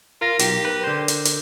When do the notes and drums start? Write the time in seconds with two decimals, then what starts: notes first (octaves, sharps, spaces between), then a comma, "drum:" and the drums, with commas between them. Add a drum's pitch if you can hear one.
0.21 F4 A#4 A#6
0.39 B1 G4, drum: hi-hat
0.65 B4
0.84 D3 C5
1.08 drum: hi-hat
1.25 drum: hi-hat